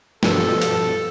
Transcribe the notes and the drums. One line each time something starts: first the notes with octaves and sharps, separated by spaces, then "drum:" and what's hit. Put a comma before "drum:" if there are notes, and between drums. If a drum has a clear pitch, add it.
G2 B2 F3 A4, drum: snare
drum: hi-hat